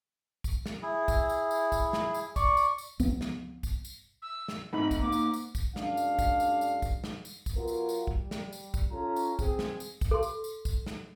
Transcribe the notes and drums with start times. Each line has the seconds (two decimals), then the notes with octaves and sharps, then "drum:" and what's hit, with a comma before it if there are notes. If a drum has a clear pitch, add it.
0.44 drum: kick, tambourine
0.66 drum: snare
0.82 E4 G#4
1.08 drum: kick, tambourine
1.29 drum: tambourine
1.51 drum: tambourine
1.72 drum: kick, tambourine
1.93 drum: snare
2.14 drum: tambourine
2.36 D5 C#6, drum: kick, tambourine
2.57 drum: tambourine
2.78 drum: tambourine
3.00 C#2 F3 B3 C4, drum: kick, tambourine
3.21 drum: snare
3.63 drum: kick, tambourine
3.85 drum: tambourine
4.22 E6
4.48 drum: snare
4.73 G#2 A3 C4 D#5 B5
4.91 drum: kick, tambourine
5.02 A#3 D6
5.12 drum: tambourine
5.34 drum: tambourine
5.55 drum: kick, tambourine
5.76 F#2 G#3 D4 F5, drum: snare
5.97 drum: tambourine
6.19 drum: kick, tambourine
6.40 drum: tambourine
6.61 drum: tambourine
6.82 drum: kick, tambourine
7.04 drum: snare
7.25 drum: tambourine
7.46 drum: kick, tambourine
7.55 F#3 B3 F4 A#4
7.67 drum: tambourine
7.89 drum: tambourine
8.07 G3, drum: kick
8.31 drum: snare
8.53 drum: tambourine
8.74 drum: kick, tambourine
8.91 C#4 F4 A4 A#5
9.16 drum: tambourine
9.39 C4 G#4, drum: kick, tambourine
9.59 drum: snare
9.80 drum: tambourine
10.01 drum: kick, tambourine
10.11 A4 C6
10.23 drum: tambourine
10.44 drum: tambourine
10.65 drum: kick, tambourine
10.86 drum: snare